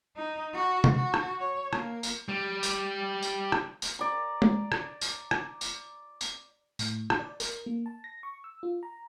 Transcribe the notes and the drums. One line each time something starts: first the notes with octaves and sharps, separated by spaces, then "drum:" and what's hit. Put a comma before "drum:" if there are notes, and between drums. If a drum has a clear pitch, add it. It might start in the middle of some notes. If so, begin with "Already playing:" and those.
D#4
F#4
drum: tom C3
F#4
drum: rim click
C#5
A#3, drum: rim click
drum: tambourine
G3
drum: tambourine
drum: tambourine
drum: rim click
drum: tambourine
D5 A#5
drum: tom G#3
drum: rim click
drum: tambourine
drum: rim click
drum: tambourine
drum: tambourine
A2, drum: tambourine
drum: rim click
D5
A#4, drum: tambourine
A#3
A5
A#6
C#6
E6
F4
A#5